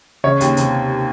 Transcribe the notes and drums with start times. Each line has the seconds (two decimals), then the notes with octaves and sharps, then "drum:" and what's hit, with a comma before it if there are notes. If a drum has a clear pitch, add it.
0.24 C#3 C#5
0.41 D#2, drum: hi-hat
0.57 C3, drum: hi-hat